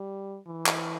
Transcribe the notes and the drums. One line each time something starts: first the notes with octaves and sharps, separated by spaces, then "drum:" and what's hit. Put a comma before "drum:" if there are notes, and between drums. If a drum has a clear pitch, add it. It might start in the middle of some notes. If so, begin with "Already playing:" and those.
Already playing: G3
E3
drum: clap